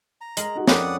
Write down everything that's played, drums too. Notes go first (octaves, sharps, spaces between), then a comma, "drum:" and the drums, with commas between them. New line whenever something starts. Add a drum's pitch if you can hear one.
A#5
G#3 A#4 F#7, drum: hi-hat
D#4 F#4 G4
F2 C#4 A#4 D5 F#5 G5 B5 D#6, drum: snare